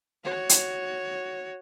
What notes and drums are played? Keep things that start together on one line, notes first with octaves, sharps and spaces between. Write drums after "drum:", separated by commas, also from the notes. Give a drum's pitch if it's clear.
F#4 C#5
drum: hi-hat